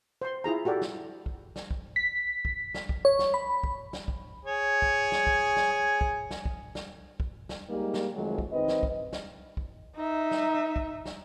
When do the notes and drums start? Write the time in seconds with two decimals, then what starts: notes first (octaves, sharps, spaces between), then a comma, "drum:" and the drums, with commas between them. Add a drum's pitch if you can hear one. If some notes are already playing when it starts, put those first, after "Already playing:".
0.22 C5 C6
0.44 E4 F4 G#4 A#5
0.65 F#4 G4 A4 D5
0.82 drum: snare
1.26 drum: kick
1.56 drum: snare
1.71 drum: kick
1.96 B6
2.45 drum: kick
2.74 drum: snare
2.89 drum: kick
3.05 C#5
3.19 drum: snare
3.34 B5
3.64 drum: kick
3.93 drum: snare
4.08 drum: kick
4.45 G#4 C#5
4.82 drum: kick
5.12 drum: snare
5.27 drum: kick
5.56 drum: snare
6.01 drum: kick
6.31 drum: snare
6.45 drum: kick
6.75 drum: snare
7.20 drum: kick
7.49 drum: snare
7.69 G3 G#3 A#3 D#4 G4
7.94 drum: snare
8.14 F2 D#3 F#3 G#3 A3
8.38 drum: kick
8.52 D#3 C4 B4 D#5
8.68 drum: snare
8.83 drum: kick
9.13 drum: snare
9.57 drum: kick
9.96 D#4 E5
10.31 drum: snare
10.76 drum: kick
11.06 drum: snare